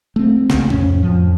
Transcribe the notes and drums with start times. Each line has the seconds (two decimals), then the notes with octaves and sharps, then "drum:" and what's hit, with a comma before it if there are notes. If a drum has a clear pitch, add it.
0.16 A3 C4
0.50 C#2 C#3, drum: snare
0.70 F2 A2 C#4, drum: kick
1.03 F2 F3